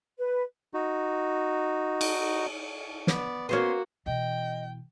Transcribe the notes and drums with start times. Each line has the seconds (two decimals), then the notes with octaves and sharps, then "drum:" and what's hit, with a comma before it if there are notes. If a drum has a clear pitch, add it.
0.18 B4
0.74 D#4 F#4
2.01 drum: cymbal
3.07 B3 D5, drum: snare
3.49 A#3 B3 C#4 F#4 C5 D#5 C6
4.06 B2 E3 D#5 G5